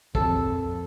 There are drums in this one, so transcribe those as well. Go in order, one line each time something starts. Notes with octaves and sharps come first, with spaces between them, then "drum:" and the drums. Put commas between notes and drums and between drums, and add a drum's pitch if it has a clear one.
F2 A#2 A4, drum: kick